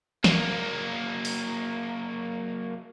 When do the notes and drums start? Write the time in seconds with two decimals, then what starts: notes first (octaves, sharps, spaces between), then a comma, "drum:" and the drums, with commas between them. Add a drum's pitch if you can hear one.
0.24 F#3 A#3, drum: snare
1.25 drum: open hi-hat